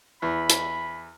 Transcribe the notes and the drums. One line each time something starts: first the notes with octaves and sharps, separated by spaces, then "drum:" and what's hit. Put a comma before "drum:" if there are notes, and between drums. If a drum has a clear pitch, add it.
E2 B5
drum: hi-hat